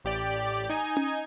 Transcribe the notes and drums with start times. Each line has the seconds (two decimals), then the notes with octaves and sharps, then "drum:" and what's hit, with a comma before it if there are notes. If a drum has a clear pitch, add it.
0.04 A1 G4 D5
0.69 D#4 G#5
0.97 drum: tom C#4